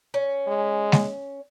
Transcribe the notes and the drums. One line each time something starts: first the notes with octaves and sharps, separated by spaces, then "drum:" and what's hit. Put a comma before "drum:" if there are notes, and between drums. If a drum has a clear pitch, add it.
C#4
G#3
drum: snare